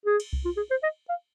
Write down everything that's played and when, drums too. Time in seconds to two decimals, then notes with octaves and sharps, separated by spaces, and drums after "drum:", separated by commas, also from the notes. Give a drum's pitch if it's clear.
0.06 G#4
0.20 drum: cymbal
0.33 drum: kick C2
0.45 F4
0.57 G#4
0.70 C5
0.83 D#5
1.09 F5